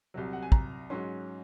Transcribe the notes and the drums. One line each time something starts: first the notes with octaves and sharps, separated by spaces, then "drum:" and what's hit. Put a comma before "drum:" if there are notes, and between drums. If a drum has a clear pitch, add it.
C2 C3 F#3
F#5
G#5
A#5, drum: kick
G#2 F#3 C#4 C6